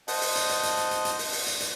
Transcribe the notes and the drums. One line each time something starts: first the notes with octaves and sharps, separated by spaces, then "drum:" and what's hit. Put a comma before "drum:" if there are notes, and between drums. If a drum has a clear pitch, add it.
C5 D#5 F#5 A5, drum: open hi-hat
drum: open hi-hat
drum: hi-hat
drum: hi-hat
drum: hi-hat
drum: hi-hat
drum: hi-hat
drum: hi-hat
drum: open hi-hat
drum: open hi-hat
drum: hi-hat
drum: hi-hat